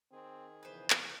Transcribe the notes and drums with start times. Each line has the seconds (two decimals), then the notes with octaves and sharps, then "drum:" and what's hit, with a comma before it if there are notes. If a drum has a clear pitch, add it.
0.12 D#3 C4 G#4
0.63 E2 C#3 E3 F3 B4 C5
0.90 drum: clap